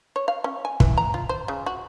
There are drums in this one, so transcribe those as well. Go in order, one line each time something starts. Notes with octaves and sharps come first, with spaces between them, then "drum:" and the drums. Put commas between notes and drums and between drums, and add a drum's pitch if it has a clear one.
C#5
F5
C#4
G#5
E3, drum: kick
A#5
F4
C5
C#3
F#4